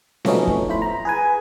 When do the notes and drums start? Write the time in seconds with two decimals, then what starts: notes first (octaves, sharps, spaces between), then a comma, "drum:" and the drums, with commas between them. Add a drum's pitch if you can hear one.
0.25 F3 F#3 A3 B3 C#4 D#4, drum: snare C4
0.47 drum: kick
0.69 A2 E4 C5 B5
0.82 A#5
1.05 G#4 B4 G#5